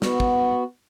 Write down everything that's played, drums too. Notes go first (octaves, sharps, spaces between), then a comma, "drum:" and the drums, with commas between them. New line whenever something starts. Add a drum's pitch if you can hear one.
B3 F#4, drum: snare
drum: kick